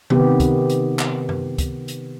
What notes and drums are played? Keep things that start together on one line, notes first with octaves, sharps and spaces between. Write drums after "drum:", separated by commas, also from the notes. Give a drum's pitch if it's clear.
C3 D#3 B3 G4, drum: tom D3
drum: kick, hi-hat
drum: hi-hat
drum: clap
drum: tom F#2
drum: kick, hi-hat
drum: hi-hat